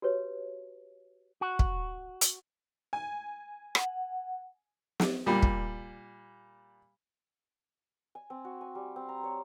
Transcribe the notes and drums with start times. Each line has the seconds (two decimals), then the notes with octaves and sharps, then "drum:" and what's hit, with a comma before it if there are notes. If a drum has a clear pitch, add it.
0.02 F#4 G4 B4 C#5
1.41 F#4
1.59 drum: kick
2.21 drum: hi-hat
2.93 G#5
3.75 F#5, drum: rim click
5.00 drum: snare
5.26 A#2 G3
5.43 drum: kick
8.15 G#5
8.30 C4
8.45 F#4
8.61 G#5
8.75 G3
8.96 C4
9.09 A#5
9.24 C#5